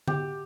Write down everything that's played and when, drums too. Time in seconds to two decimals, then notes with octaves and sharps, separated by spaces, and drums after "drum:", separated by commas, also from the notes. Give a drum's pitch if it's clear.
0.08 G4, drum: tom D3